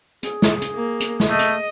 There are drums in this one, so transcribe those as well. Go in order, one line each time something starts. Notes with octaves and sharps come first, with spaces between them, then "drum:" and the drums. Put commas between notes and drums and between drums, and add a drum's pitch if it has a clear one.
G#4, drum: hi-hat
drum: snare
drum: hi-hat
A#3
drum: hi-hat
drum: snare
A3 D#5
drum: hi-hat